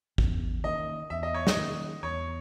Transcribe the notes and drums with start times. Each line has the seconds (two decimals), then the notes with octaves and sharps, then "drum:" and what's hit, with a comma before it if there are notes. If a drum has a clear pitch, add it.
0.18 E2, drum: kick
0.64 D#3 A#3 C#4 D#5
1.10 E2 E5
1.23 D#5
1.34 C#5
1.47 D#5, drum: snare
1.57 D#3 A#3 C#4
2.03 E2 C#5